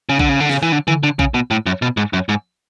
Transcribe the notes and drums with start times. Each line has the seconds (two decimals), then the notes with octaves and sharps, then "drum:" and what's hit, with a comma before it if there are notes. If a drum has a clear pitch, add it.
0.09 C#3
0.19 D3, drum: kick A#1
0.29 C#3
0.40 D3
0.49 C#3, drum: snare
0.62 E3
0.72 D3
0.88 E3, drum: tom C#3
1.03 D3
1.19 C#3, drum: kick A#1
1.34 B2
1.51 A2
1.66 F#2
1.82 B2
1.97 G#2
2.13 F#2
2.29 G#2